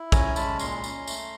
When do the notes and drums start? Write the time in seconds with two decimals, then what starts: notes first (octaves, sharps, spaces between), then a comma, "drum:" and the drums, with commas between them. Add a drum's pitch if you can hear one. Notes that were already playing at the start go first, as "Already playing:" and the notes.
Already playing: E4
0.12 C#4 G#5 A#5, drum: kick, tambourine
0.36 G#3 A5 B5, drum: tambourine
0.59 A#2 A#5 C6, drum: tambourine
0.84 C#4, drum: tambourine
1.07 A3, drum: tambourine